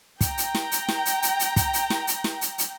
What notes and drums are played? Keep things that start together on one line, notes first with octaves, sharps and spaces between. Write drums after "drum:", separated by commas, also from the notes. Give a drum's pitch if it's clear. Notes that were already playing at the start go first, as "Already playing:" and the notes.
G5 A#5, drum: kick, hi-hat
drum: hi-hat
drum: snare
drum: hi-hat
drum: snare
drum: hi-hat
drum: hi-hat
drum: hi-hat
drum: kick, hi-hat
drum: hi-hat
drum: snare
drum: hi-hat
drum: snare
drum: hi-hat
drum: hi-hat